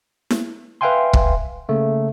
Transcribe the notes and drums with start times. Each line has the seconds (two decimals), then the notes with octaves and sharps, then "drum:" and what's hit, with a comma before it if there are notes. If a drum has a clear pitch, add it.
0.30 drum: snare E4
0.81 B4 E5 F5 G5 G#5 C6
1.13 drum: kick
1.69 C#3 A3 A#3